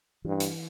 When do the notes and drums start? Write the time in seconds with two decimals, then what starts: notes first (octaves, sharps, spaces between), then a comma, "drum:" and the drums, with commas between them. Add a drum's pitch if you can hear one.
0.24 G2 E3
0.40 drum: hi-hat